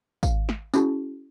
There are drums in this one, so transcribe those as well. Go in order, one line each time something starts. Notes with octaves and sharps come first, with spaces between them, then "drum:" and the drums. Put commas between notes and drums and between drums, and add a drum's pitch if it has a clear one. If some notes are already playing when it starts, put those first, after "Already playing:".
F5, drum: kick, tambourine
drum: snare
C#4 E4 F#4 G#4 A5, drum: tambourine